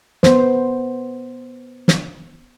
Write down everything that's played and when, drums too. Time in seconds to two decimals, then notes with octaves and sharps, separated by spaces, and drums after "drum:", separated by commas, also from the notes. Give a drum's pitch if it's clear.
0.23 B3 C5, drum: snare
1.88 drum: snare